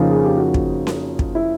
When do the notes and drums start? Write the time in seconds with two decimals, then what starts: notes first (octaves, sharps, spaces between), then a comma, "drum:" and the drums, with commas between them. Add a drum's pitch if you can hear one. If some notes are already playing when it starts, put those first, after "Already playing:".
Already playing: F2 C#3 F3 A#3 D#4 F4
0.11 G#4
0.24 G4
0.38 F#4
0.54 drum: kick
0.87 drum: snare C#4
1.19 drum: kick
1.35 E4